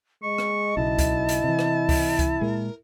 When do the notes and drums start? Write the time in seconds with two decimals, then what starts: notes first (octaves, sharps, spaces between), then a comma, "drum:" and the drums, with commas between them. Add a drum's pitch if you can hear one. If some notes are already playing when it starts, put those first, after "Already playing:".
0.23 G#3 D#5 C#6
0.38 drum: rim click
0.77 B1 C#3 E4 A5
0.99 drum: kick C#2, hi-hat
1.29 drum: hi-hat
1.44 C3 E3
1.59 drum: rim click
1.89 drum: kick C#2, open hi-hat
2.19 drum: kick C#2, hi-hat
2.41 A#2 G#3 A#4